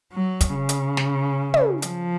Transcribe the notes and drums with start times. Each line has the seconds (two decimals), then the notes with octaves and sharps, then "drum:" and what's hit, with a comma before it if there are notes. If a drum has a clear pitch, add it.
0.12 F#3
0.41 drum: kick, hi-hat
0.55 C#3
0.69 drum: hi-hat
0.97 drum: snare
1.54 drum: tom
1.82 F3, drum: hi-hat